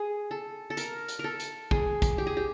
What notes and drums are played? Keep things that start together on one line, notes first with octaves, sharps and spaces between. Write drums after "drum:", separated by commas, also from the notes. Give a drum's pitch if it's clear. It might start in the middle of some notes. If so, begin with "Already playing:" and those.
Already playing: G#4
A4
A4
A#4, drum: hi-hat
drum: hi-hat
A4 A#4
drum: hi-hat
G#4, drum: kick
drum: kick, hi-hat
G4
G#4
G4